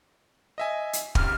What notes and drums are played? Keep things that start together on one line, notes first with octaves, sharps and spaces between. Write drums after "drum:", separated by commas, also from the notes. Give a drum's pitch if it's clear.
D#5 E5 G#5
drum: hi-hat
C#2 G#2 C3 F6, drum: kick